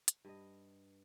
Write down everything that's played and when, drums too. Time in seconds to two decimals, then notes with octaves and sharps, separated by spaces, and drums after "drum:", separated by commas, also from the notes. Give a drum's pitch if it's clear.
0.08 drum: hi-hat
0.25 G2 D#5